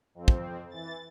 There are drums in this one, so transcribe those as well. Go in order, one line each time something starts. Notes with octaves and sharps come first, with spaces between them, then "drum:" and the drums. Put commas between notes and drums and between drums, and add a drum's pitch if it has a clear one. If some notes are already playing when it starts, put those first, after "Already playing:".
F2 C4
drum: kick
E3 A6